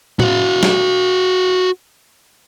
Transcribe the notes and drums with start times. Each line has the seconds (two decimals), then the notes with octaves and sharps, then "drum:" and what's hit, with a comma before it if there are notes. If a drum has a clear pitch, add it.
0.20 F#4 F5, drum: tom A2
0.63 drum: snare